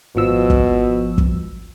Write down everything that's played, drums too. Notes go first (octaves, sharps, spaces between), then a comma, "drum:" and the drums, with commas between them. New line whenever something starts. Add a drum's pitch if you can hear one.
G#1 B2 F3 E6
drum: kick
drum: kick